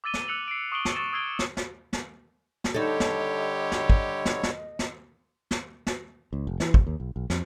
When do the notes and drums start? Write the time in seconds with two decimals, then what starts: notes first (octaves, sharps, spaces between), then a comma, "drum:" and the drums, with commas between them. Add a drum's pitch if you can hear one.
0.04 D6 E6 A6 D#7 G7
0.14 drum: snare
0.28 E6 F#6 C#7 F7 F#7
0.48 C7 D7
0.72 C#6 D#6 C7 D7 F#7 G7
0.85 drum: snare
0.95 C#6 D#6 A6 E7
1.13 D#6 E6 G#6 C7 D7 G7
1.39 drum: snare
1.57 drum: snare
1.93 drum: snare
2.64 drum: snare
2.75 D3 G3 D#4 G4 A4 C#5 D#5
3.00 drum: snare
3.72 drum: snare
3.90 drum: kick
4.25 drum: snare
4.43 drum: snare
4.79 drum: snare
5.51 drum: snare
5.87 drum: snare
6.33 C#2
6.47 F1
6.60 E3, drum: snare
6.74 E1, drum: kick
6.87 D#2
7.00 B1
7.16 B1
7.30 F2, drum: snare